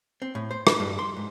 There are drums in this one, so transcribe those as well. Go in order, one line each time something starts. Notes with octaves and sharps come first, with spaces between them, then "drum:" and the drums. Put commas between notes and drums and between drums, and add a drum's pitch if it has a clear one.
C4
A2
C5
B4, drum: rim click
G2
C6
G#2